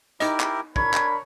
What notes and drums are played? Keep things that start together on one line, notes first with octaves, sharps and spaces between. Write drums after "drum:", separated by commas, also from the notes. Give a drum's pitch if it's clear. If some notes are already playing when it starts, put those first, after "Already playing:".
D#4 E4 G4 A#4 D#5, drum: hi-hat
drum: clap
D4 A#4 C#5 B5 G#6, drum: kick
drum: clap